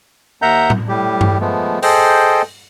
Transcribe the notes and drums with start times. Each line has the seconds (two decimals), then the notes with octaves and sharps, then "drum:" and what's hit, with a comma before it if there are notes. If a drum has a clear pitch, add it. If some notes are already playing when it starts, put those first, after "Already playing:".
0.42 D#2 A#4 E5 F#5 A#5 G6
0.70 drum: tom A2
0.88 A2 G3 G4
1.21 drum: tom G2
1.40 F3 G#3 A3 B3
1.83 G#4 A4 C5 D#5 G5, drum: open hi-hat